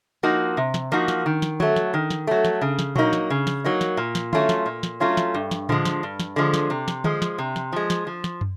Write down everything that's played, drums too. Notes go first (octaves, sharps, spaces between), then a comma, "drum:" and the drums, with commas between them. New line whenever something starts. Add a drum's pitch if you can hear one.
F3 A#3 D#4 F#4
C3
drum: snare
F3 A#3 D#4 F#4
drum: snare
D#3
drum: snare
F#3 A3, drum: tom D3
drum: snare
D#3
drum: snare
F#3 A3
drum: snare
C#3
drum: snare
F#3 A#3 D#4, drum: tom A#2
drum: snare
C#3
drum: snare
F#3 A#3 D#4
drum: snare
A#2
drum: snare
F#3 A3 C#4 F4, drum: tom D3
drum: snare
A#2
drum: snare
F#3 A3 C#4 F4
drum: snare
G2
drum: snare
D3 F3 G#3, drum: tom A2
drum: snare
G2
drum: snare
D3 F3 G#3
drum: snare
C3
drum: snare
F3 G#3, drum: tom D3
drum: snare
C3
drum: snare
F3 G#3
drum: snare
F3
drum: snare
drum: tom